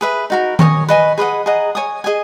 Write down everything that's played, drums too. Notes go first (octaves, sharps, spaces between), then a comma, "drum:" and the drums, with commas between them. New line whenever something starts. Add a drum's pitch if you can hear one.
G#4 B4 E5
D#4 F#4 A#4
A#4 C#5 G#5 D#6, drum: tom D#3
B4 D#5 G#5
G#4 B4 D#5 F#5
G#4 D#5 F#5 A#5
C#5 G#5 D#6
G#4 D#5 G#5